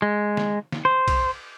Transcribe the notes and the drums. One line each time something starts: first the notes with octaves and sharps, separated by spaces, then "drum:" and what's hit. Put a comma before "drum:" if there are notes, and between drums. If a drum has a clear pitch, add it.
G#3
drum: snare
drum: snare
C5
drum: kick B1, cymbal